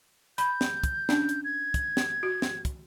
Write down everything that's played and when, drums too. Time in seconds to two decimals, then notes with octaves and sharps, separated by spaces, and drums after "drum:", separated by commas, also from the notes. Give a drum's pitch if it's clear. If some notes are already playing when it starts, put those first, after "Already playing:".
0.38 B5 G6, drum: hi-hat
0.61 drum: snare
0.84 drum: kick, hi-hat
1.09 C#4 D4, drum: snare
1.29 drum: hi-hat
1.44 G#6
1.74 drum: kick, hi-hat
1.97 drum: snare
2.23 F#4
2.42 drum: snare
2.65 drum: kick, hi-hat